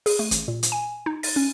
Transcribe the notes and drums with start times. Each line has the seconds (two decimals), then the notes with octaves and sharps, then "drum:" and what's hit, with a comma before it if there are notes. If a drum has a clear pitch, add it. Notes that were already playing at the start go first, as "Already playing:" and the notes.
0.06 G#4, drum: open hi-hat
0.19 A3
0.31 A1, drum: hi-hat
0.48 A#2
0.63 drum: hi-hat
0.72 G#5
1.06 D#4
1.23 A6, drum: open hi-hat
1.36 C#4